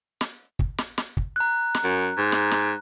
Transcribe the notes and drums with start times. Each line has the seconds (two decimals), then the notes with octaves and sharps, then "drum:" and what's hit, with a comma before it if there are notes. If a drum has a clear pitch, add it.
0.21 drum: snare
0.59 drum: kick
0.78 drum: snare
0.98 drum: snare
1.17 drum: kick
1.36 A#5 F#6
1.75 drum: snare
1.84 F#2
2.18 G#2
2.32 drum: snare
2.51 drum: snare